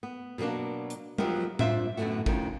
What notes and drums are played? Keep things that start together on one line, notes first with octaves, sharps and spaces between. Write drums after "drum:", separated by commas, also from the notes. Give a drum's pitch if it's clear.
B3
B2 F#3 G3 A#3 D4
drum: hi-hat
F3 F#3 G#3 B3 G4 A#4, drum: tom G3
D4 F4 C5 E5, drum: tom A2
F#2 A2 D3 D#3 B3 F#4
D2 D#3 F3 C#4, drum: kick